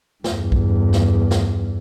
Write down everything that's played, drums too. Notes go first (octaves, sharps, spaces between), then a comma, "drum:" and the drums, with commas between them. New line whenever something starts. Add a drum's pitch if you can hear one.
E2 G2, drum: snare
drum: kick
drum: snare
drum: snare